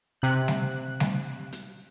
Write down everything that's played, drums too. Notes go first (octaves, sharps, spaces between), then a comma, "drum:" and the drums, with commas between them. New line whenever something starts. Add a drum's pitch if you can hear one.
C3 F#6
drum: snare G3
drum: snare G3
drum: hi-hat